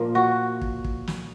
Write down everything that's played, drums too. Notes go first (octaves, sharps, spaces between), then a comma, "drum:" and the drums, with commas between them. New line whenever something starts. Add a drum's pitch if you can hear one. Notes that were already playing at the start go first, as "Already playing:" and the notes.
Already playing: A#2 F3 A#3
F#4
drum: kick
drum: kick
drum: snare